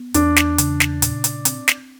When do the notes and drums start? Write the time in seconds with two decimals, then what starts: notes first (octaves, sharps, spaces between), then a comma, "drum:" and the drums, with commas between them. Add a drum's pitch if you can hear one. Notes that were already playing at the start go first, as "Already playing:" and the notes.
Already playing: B3
0.14 E2 D4, drum: hi-hat
0.36 drum: snare
0.58 C#3, drum: hi-hat
0.80 drum: snare
1.02 A#2, drum: hi-hat
1.24 drum: hi-hat
1.45 C4, drum: hi-hat
1.68 drum: snare